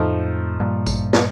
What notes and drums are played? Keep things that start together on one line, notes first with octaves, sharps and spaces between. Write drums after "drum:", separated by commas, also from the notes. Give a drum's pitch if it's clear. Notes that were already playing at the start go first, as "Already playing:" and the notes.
Already playing: F2 A2 F3 A3 D#4
G2 A#2
drum: kick A1, tambourine
drum: snare